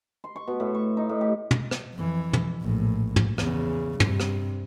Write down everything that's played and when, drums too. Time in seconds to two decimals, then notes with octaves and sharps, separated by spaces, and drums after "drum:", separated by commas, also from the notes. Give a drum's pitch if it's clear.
0.24 C6
0.36 C#6
0.47 B2
0.60 A2
0.75 C#6
0.97 D#4
1.09 A2
1.21 G4
1.51 drum: tom
1.71 drum: rim click
1.95 F2 E3
2.33 drum: tom
2.61 A#1 A2
3.16 drum: tom
3.38 E2 C#3, drum: rim click
4.00 G2 C3, drum: tom
4.20 drum: rim click